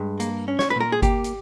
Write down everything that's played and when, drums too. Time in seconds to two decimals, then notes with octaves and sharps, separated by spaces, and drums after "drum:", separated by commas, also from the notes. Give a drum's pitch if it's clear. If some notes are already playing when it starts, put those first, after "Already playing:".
Already playing: G2 G#3
0.20 A#3, drum: hi-hat
0.48 C#4
0.59 C#5, drum: snare
0.70 B4
0.76 A#2 A#4
0.92 G#4
1.02 A#3 G4, drum: kick G1, hi-hat
1.24 drum: hi-hat